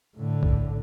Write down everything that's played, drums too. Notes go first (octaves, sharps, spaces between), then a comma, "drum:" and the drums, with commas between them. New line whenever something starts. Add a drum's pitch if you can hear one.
A2 D3
drum: kick B1